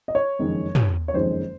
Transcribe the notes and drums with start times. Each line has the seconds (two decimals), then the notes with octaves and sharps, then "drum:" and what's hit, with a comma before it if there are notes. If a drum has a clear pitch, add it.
0.08 D#5
0.15 C#5
0.39 F#1 F2 D#3 G#3 C#4
0.75 drum: tom
1.08 C#5
1.13 F#1 F2 D#3 G#3 C#4 C5